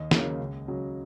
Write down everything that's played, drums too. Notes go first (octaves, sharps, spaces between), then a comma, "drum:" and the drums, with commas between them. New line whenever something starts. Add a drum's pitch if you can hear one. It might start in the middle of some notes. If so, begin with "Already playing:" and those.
Already playing: D#2 D#5
C#3 F#3 A#3, drum: snare
C#2
C#3 F#3